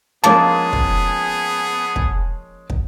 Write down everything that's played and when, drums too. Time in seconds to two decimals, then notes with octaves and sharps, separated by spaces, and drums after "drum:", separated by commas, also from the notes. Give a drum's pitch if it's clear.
0.24 F3 G#3 A#3 B3 C#4 G#4 A5
0.73 drum: kick
1.96 drum: kick
2.70 drum: kick